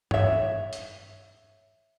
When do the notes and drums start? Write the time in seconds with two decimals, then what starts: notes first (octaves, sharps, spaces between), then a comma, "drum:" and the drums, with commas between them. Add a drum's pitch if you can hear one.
0.11 C#5 E5, drum: tom G2
0.73 drum: hi-hat